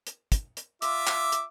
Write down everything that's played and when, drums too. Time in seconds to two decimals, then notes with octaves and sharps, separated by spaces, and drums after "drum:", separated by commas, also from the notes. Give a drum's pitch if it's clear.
0.07 drum: hi-hat
0.32 drum: kick, hi-hat
0.57 drum: hi-hat
0.82 F4 E5 D6, drum: hi-hat
1.07 drum: clap
1.32 drum: hi-hat